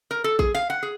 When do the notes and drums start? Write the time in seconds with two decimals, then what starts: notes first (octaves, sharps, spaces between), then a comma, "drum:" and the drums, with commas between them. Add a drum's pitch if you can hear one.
0.11 A#4
0.24 A4
0.39 G#4, drum: kick A1
0.55 F5
0.70 F#5
0.83 G#4